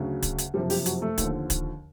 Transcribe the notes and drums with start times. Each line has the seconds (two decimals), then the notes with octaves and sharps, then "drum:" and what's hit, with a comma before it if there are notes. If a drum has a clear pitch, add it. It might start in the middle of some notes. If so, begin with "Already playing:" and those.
Already playing: D2 C#3 F#3
0.23 drum: kick, hi-hat
0.39 drum: hi-hat
0.54 F#1 F2 C3 F3 G3 G4
0.70 G3 G4, drum: open hi-hat
0.86 F#3 F#4, drum: hi-hat
1.02 A3 A4
1.18 D#2 D3 F3, drum: kick, hi-hat
1.50 drum: kick, hi-hat